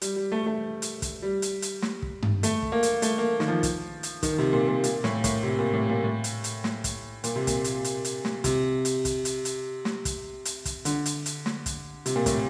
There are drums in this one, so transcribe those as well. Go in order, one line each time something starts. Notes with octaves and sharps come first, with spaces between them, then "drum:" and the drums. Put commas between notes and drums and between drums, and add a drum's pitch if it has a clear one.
G3, drum: hi-hat
G3
A3
A3
drum: hi-hat
drum: kick, hi-hat
G3
drum: hi-hat
drum: hi-hat
drum: snare
drum: kick
drum: tom G2
A3, drum: hi-hat
drum: kick
A#3
drum: hi-hat
A3, drum: hi-hat
A#3
D#3, drum: snare
F3
drum: kick, hi-hat
drum: hi-hat
D#3, drum: kick, hi-hat
C3
A#2
A#2
A#2, drum: hi-hat
A2, drum: snare
A2, drum: kick, hi-hat
C3
A#2
A2
A#2
A2
drum: hi-hat
drum: hi-hat
drum: snare
drum: kick, hi-hat
A#2, drum: hi-hat
C3
A#2, drum: kick, hi-hat
drum: hi-hat
drum: hi-hat
drum: hi-hat
drum: snare
C3, drum: kick, hi-hat
drum: hi-hat
drum: kick, hi-hat
drum: hi-hat
drum: hi-hat
drum: snare
drum: kick, hi-hat
drum: hi-hat
drum: kick, hi-hat
D3, drum: hi-hat
drum: hi-hat
drum: hi-hat
drum: snare
drum: kick, hi-hat
C3, drum: hi-hat
A#2
A2, drum: kick, hi-hat